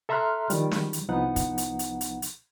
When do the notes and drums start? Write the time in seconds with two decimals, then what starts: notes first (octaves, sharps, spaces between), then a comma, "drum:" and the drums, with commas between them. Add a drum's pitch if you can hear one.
0.09 A4 E5 A#5 C6 F6 F#6
0.50 D#3 F3 G3, drum: hi-hat
0.71 drum: snare
0.93 drum: hi-hat
1.09 C2 F3 B3 D#4 F#5
1.36 drum: kick, hi-hat
1.58 drum: hi-hat
1.79 drum: hi-hat
2.01 drum: hi-hat
2.22 drum: hi-hat